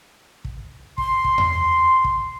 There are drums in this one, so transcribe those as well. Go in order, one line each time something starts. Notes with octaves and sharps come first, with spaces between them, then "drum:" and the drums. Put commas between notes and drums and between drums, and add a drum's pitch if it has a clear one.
drum: kick
C6, drum: kick
drum: kick
drum: tom E2
drum: kick